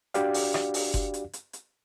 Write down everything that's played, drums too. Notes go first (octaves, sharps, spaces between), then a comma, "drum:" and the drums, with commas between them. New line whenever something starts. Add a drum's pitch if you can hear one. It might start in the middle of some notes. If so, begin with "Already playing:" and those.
D4 F#4 G4 D5 F5, drum: hi-hat
drum: open hi-hat
drum: rim click
drum: open hi-hat
drum: kick F#1, hi-hat
drum: hi-hat
drum: hi-hat
drum: hi-hat